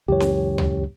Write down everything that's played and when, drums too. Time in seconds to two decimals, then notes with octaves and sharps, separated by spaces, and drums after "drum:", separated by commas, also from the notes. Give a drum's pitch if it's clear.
0.08 C#2 F#2 E3 G4 C#5
0.20 drum: snare C#4
0.58 drum: tom D2